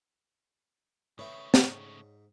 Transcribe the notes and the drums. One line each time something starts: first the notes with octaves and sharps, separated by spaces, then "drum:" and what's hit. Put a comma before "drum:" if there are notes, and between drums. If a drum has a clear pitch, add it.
C#3 A3 B4 C#5 E5 G5
G#2, drum: snare